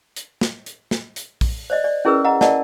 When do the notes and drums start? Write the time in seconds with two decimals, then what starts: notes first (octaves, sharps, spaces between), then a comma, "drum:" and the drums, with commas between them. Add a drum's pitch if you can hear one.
0.16 drum: hi-hat
0.41 drum: snare
0.66 drum: hi-hat
0.91 drum: snare
1.16 drum: hi-hat
1.41 drum: kick A#1, open hi-hat
1.70 C5 D5 D#5
1.84 D5
2.05 C#4 E4 G#4 A#4 B4 E6
2.24 D#5 F#5 A#5
2.41 A#4 D5 D#5 F#5 A5, drum: snare